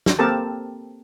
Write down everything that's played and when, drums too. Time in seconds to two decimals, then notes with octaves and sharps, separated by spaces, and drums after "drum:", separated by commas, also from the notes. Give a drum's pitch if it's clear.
0.06 drum: snare
0.19 A#3 C4 G4 A4 A#4 A5